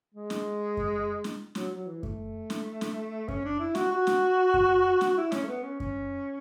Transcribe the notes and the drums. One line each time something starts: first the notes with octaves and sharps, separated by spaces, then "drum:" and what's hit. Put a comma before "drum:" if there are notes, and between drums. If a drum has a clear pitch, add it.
G#3
drum: snare
drum: kick F#2
drum: snare
F#3, drum: snare
F#3
E3
A3, drum: kick F#2
drum: snare
drum: snare
C#4, drum: kick F#2
D4
E4
F#4, drum: snare
F#4
drum: snare
drum: kick F#2
drum: snare
E4
C#4, drum: snare
A3
B3
C#4
C#4, drum: kick F#2